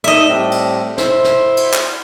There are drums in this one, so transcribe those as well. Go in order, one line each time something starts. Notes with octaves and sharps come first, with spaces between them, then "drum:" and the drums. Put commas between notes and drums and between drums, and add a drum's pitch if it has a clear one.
A3 D#4 D#5 E5
A2 G3 C4
drum: cymbal
E4 C5, drum: snare
drum: snare
drum: cymbal
drum: clap